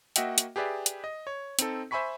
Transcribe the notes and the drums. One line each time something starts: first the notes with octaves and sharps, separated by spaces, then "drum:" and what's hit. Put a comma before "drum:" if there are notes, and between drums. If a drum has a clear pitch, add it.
A#3 F#4 D#5 E5 F#5 G5, drum: hi-hat
drum: hi-hat
G4 G#4 B4 D5 E5
drum: hi-hat
D#5
C#5
C4 D#4 A4, drum: hi-hat
C5 E5 G#5 B5 C#6 B6